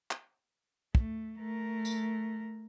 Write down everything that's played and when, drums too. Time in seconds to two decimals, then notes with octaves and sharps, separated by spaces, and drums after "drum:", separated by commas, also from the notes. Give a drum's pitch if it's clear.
0.11 drum: clap
0.95 A3, drum: kick
1.38 A3 A#4
1.85 drum: tambourine